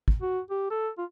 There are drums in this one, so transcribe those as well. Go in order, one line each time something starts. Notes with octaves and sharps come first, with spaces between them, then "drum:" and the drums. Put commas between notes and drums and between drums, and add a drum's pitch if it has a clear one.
drum: kick
F#4
G4
A4
F4